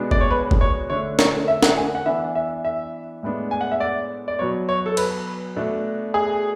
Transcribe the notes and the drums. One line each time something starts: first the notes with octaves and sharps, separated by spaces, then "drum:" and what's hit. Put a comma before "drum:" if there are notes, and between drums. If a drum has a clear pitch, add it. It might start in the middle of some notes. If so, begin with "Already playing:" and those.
Already playing: B2 G#3 B3 D4
D5, drum: kick
C#5
B4
drum: kick
C#5
D3 A3 D4 C#5
C#5, drum: snare
E5
F#5, drum: snare
G#5
F#5
E3 B3 D4 E5
E5
E5
A2 G#3 B3 D4
G#5
F#5
E5
D5
D5
B2 F#3 B3 C#5
C#5
A4
B4, drum: cymbal
B2 A3 D4
G#4